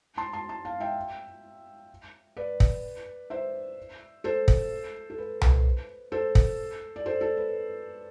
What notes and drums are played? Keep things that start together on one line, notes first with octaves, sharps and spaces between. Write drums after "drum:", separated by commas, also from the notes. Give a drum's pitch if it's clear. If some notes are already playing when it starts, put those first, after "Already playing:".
A5 C6
A5 C6
A5 C6
F5 A5
E5 G5
B4 D5
drum: kick
C5 E5
A4 C5
drum: kick
A4
B4
drum: tom C2
A4 C5
drum: kick
D5
A4 C5
A4
B4